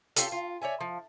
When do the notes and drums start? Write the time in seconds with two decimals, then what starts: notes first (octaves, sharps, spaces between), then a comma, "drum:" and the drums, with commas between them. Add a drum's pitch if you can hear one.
0.16 C#4 F4 G4 A4, drum: hi-hat
0.32 F4
0.62 C#5 D5 E5 G#5
0.80 F3